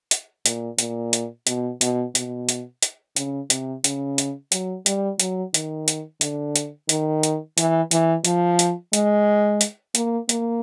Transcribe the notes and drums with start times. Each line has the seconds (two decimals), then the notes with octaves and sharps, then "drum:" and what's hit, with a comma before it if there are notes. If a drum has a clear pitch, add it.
0.11 drum: hi-hat
0.46 A#2, drum: hi-hat
0.78 A#2, drum: hi-hat
1.13 drum: hi-hat
1.47 B2, drum: hi-hat
1.81 B2, drum: hi-hat
2.15 B2, drum: hi-hat
2.49 drum: hi-hat
2.83 drum: hi-hat
3.16 C#3, drum: hi-hat
3.50 C3, drum: hi-hat
3.84 C#3, drum: hi-hat
4.18 drum: hi-hat
4.52 F#3, drum: hi-hat
4.86 G3, drum: hi-hat
5.20 F#3, drum: hi-hat
5.54 D#3, drum: hi-hat
5.88 drum: hi-hat
6.21 D3, drum: hi-hat
6.56 drum: hi-hat
6.89 D#3, drum: hi-hat
7.23 drum: hi-hat
7.58 E3, drum: hi-hat
7.91 E3, drum: hi-hat
8.25 F3, drum: hi-hat
8.59 drum: hi-hat
8.93 G#3, drum: hi-hat
9.61 drum: hi-hat
9.95 A#3, drum: hi-hat
10.29 A#3, drum: hi-hat